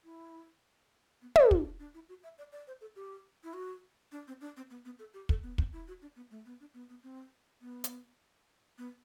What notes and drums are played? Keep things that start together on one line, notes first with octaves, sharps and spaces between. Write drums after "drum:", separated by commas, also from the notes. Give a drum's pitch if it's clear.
E4
B3
C4, drum: tom
C4, drum: kick
D4
D4
E4
F#4
E5
D5
D5
C5
A4
G4
E4
F#4
D4
C4
D4
C4
B3
B3
A4
G4
A4, drum: kick
B3
C4, drum: kick
E4
F#4
D4
B3
A3
B3
D4
B3
B3
C4
B3
drum: hi-hat
B3